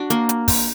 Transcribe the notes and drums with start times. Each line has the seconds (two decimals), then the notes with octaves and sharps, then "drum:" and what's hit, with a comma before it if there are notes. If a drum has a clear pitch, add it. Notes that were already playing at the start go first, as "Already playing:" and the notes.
Already playing: D4 F#4
0.10 A#3, drum: hi-hat
0.29 drum: hi-hat
0.48 drum: kick, open hi-hat